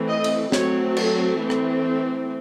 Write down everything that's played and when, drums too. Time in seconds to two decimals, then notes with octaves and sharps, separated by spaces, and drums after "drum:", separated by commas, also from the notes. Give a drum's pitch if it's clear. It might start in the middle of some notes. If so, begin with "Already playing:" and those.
Already playing: E3 A3 C4
0.08 D#5
0.24 drum: cymbal
0.52 F#3 A3 C4 C#5, drum: snare
0.97 A4, drum: cymbal
1.40 E3 A3 C4
1.50 drum: rim click